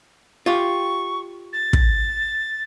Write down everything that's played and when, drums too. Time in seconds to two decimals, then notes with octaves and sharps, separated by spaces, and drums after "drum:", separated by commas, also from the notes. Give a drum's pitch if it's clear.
0.46 F4 G4 C#6
1.53 A6
1.73 drum: kick